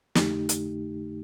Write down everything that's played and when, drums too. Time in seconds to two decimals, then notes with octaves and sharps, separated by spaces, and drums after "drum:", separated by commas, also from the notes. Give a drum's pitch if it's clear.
0.15 F2 D3 A3 D#4 G4, drum: snare
0.49 drum: hi-hat